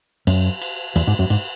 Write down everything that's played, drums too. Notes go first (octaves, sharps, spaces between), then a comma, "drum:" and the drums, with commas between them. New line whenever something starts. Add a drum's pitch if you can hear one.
F#2, drum: cymbal
drum: cymbal
E2, drum: cymbal
G#2
F#2
G#2, drum: cymbal